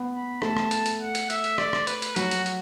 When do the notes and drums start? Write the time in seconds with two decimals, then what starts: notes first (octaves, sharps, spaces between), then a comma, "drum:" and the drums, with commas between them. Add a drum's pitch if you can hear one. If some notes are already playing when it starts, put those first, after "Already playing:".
Already playing: B3
0.13 B5
0.42 A3 A5, drum: rim click
0.57 drum: rim click
0.71 drum: hi-hat
0.86 drum: hi-hat
1.00 F#5
1.15 drum: hi-hat
1.30 E5, drum: hi-hat
1.44 drum: hi-hat
1.58 D5, drum: rim click
1.73 drum: rim click
1.87 B4, drum: hi-hat
2.02 drum: hi-hat
2.16 F#3 F#4, drum: hi-hat
2.31 drum: hi-hat
2.46 drum: hi-hat